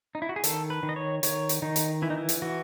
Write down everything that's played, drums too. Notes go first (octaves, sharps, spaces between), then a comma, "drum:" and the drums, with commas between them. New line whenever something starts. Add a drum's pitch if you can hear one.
D#4
E4
F#4
G#4
D#3 A4, drum: hi-hat
B4
D#3
D#5
C#5
D#3 C#5, drum: hi-hat
drum: hi-hat
D#3 D#4
drum: hi-hat
E3 E4
D#4
E4
drum: hi-hat
E3 F#4